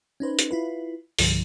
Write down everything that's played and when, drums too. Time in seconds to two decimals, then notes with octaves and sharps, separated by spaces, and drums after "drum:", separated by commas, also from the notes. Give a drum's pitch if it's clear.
0.20 C#4 D#4 B4 C5
0.39 drum: hi-hat
0.51 E4 F4 B4
1.19 C2 G2 D3 F3, drum: open hi-hat